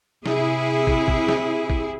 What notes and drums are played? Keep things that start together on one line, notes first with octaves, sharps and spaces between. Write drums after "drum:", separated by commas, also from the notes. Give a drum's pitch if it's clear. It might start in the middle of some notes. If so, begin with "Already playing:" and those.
C3 E4 G#4, drum: snare
drum: kick
drum: kick
drum: snare
drum: kick